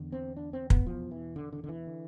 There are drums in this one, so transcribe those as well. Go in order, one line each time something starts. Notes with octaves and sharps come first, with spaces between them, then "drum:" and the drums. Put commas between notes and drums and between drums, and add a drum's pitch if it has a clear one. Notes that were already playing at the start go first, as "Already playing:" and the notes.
Already playing: E2 D3
C4
D4
C4
B3, drum: kick
E2 B2 F3
E3
D3
D3
D3
E3
D3